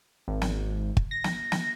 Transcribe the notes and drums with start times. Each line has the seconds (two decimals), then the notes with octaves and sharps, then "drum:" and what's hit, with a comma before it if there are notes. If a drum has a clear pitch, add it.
0.28 G#1
0.42 drum: snare
0.97 drum: kick
1.11 A#6
1.24 drum: snare
1.52 drum: snare